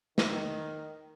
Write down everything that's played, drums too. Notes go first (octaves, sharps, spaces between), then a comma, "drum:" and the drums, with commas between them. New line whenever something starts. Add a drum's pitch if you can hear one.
D#3, drum: snare